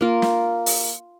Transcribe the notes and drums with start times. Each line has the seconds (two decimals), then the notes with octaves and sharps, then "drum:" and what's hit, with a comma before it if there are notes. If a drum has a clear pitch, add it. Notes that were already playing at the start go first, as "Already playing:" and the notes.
0.01 A#3 F4 A#4
0.22 drum: snare
0.66 drum: open hi-hat